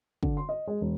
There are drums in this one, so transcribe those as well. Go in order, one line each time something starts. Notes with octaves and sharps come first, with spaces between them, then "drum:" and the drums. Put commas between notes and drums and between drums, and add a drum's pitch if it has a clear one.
D3, drum: kick
C6
D#5
G#3
E1